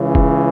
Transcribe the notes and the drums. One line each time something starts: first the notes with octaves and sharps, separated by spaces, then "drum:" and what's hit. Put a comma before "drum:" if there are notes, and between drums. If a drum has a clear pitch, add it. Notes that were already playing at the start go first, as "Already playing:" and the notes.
Already playing: C#2 C#3 E3
drum: kick